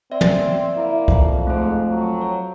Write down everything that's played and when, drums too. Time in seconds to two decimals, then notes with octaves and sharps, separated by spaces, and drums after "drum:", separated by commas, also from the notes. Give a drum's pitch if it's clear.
0.12 C4 D5 E5
0.21 drum: tom
0.76 A#3 E4
1.08 F2, drum: kick C2
1.47 G#2 A3 C5
1.90 F#3
2.21 C#5